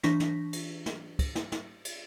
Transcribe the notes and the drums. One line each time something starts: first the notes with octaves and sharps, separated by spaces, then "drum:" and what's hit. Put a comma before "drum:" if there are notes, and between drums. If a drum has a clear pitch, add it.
E3 D4 C#6 A#6 B6, drum: snare
drum: snare
drum: cymbal
drum: snare
drum: kick, cymbal
drum: snare
drum: snare
drum: cymbal